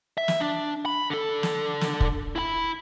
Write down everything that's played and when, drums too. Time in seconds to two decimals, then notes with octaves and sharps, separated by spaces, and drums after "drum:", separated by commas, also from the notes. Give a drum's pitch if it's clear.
0.18 E5
0.28 drum: snare
0.40 D4
0.85 B5
1.10 D3 A4
1.43 drum: snare
1.81 drum: snare
2.00 drum: kick
2.36 E4 B5